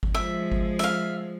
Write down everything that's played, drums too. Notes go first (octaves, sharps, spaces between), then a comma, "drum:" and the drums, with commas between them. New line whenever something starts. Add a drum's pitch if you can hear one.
drum: kick G#1
F3 G#3 E5
drum: kick G#1
E5 F5, drum: hi-hat